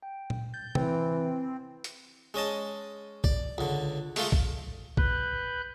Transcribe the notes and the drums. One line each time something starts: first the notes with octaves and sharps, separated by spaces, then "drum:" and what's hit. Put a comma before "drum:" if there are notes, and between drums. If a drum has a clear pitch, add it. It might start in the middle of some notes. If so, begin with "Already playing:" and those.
G5
drum: tom A#2
G6 A6
E3 C4 B4 G5, drum: tom
drum: hi-hat
G#3 C#4 D#5 A5
D5, drum: kick A#1
C#2 D3
G#3 A3 F4, drum: open hi-hat
drum: kick A#1
B4 F#6 G6, drum: kick A#1